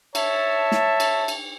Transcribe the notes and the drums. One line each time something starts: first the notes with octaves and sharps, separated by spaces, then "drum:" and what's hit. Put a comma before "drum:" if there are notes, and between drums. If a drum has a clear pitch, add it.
C#5 E5 A5, drum: cymbal
drum: snare
drum: cymbal
drum: cymbal